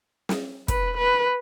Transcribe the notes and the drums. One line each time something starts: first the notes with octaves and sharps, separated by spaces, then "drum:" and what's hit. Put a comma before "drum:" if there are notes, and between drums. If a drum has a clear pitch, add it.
drum: snare
B4, drum: kick, hi-hat
B4